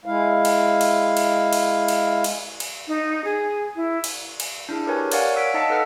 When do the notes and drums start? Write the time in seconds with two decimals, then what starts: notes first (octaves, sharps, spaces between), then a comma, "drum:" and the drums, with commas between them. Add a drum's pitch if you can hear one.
0.05 G#3 E4 F5
0.45 drum: cymbal
0.81 drum: cymbal
1.17 drum: cymbal
1.53 drum: cymbal
1.88 drum: cymbal
2.24 drum: cymbal
2.60 drum: cymbal
2.88 D#4
3.25 G#4
3.76 E4
4.04 drum: cymbal
4.40 drum: cymbal
4.69 D4 E4 G#4
4.86 G4 A#4 B4 C#5 G#5
5.12 A#4 C#5 D5 F5 F#5 G#5, drum: cymbal
5.34 F5 F#5 E6 B6 D7
5.54 D#4 D#5 A5 E6 B6 C#7
5.70 A4 B4 F5 F#5 F6 B6